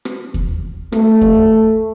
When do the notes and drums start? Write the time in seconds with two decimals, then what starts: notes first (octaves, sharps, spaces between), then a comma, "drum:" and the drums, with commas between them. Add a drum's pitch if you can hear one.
0.05 drum: rim click
0.34 drum: kick D#2
0.92 A3, drum: rim click
1.21 drum: kick D#2